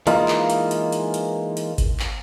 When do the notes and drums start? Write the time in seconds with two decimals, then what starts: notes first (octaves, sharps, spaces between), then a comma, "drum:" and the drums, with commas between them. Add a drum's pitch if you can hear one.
0.07 E3 G#3 A#3 D#4 F4, drum: hi-hat
0.28 drum: clap
0.50 drum: hi-hat
0.71 drum: hi-hat
0.92 drum: hi-hat
1.14 drum: hi-hat
1.57 drum: hi-hat
1.78 drum: kick G#1, hi-hat
2.00 drum: clap